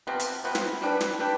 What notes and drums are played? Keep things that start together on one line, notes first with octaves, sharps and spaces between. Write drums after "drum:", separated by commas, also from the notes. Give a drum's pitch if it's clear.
C3 F3 B3
drum: hi-hat
C3 F3 B3
drum: snare
G3 D4 G4 B4
drum: snare
G3 D4 G4 B4